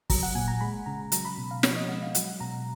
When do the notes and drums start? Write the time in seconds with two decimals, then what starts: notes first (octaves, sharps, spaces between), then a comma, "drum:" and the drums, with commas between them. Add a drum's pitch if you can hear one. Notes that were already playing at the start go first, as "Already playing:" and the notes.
0.10 F#3 A#5, drum: kick, open hi-hat
0.23 F#5
0.35 A#2 G#5
0.48 A#5
0.61 G#3 B5
0.86 C#3 A#5
1.12 F#3 A#5, drum: hi-hat
1.25 B5
1.38 B2
1.51 F5
1.63 F3 C#5, drum: snare
1.76 D#5
1.89 G#3 F#5
2.02 F5
2.15 F#3 F#5, drum: hi-hat
2.40 B2 A#5